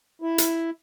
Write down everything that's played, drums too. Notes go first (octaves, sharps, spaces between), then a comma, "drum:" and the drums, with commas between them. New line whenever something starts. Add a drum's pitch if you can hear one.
E4
drum: hi-hat